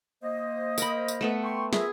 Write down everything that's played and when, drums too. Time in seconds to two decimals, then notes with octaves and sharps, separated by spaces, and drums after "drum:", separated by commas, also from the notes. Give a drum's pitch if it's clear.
0.23 A#3 C5 D#5
0.78 A#4 B5, drum: tambourine
1.08 drum: tambourine
1.21 A3 B3 A4
1.44 G5 C6 C#6
1.73 F4 G#4 A#4 E5, drum: snare